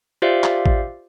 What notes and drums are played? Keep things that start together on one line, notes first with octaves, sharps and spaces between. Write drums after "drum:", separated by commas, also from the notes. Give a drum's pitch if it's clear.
F4 G4 C5 D5 E5 F5
drum: clap
drum: kick A1